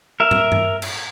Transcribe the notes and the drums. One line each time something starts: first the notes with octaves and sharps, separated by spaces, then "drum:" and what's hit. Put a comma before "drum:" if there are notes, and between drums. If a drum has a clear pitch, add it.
A#4 E5
drum: tom
drum: tom
drum: cymbal